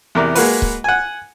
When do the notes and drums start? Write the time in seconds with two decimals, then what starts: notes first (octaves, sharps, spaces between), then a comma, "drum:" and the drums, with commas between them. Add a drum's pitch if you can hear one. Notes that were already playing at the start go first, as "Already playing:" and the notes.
0.15 E2 C3 A#4 D5
0.35 G#3 A#3 F#4 B4, drum: open hi-hat
0.62 drum: kick C#1
0.84 F#5 G#5